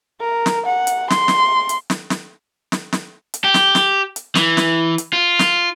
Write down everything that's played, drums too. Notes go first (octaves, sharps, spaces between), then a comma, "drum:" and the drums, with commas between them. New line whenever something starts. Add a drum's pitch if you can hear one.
A#4
drum: snare
F#5
drum: hi-hat
C6, drum: snare
drum: snare
drum: hi-hat
drum: snare
drum: snare
drum: snare
drum: snare
drum: hi-hat
G4
drum: snare
drum: snare
drum: hi-hat
E3, drum: snare
drum: snare
drum: hi-hat
F4
drum: snare